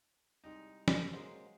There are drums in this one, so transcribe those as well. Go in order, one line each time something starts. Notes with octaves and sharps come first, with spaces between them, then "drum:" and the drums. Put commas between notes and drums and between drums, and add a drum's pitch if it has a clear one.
C2 G3 G#3 D#4
drum: snare
F#3 G#3 A#3 C5